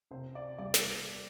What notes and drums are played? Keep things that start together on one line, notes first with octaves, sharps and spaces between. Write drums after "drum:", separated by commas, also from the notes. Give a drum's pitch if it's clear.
C3 C5
D5
G3 D5
drum: snare